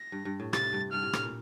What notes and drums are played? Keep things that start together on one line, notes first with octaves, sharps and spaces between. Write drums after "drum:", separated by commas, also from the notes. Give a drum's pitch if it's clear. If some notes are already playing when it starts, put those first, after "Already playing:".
Already playing: A#6
G2
G2
A2
C3 A6, drum: rim click
G2
G2 F6
A2
A2, drum: rim click
A#2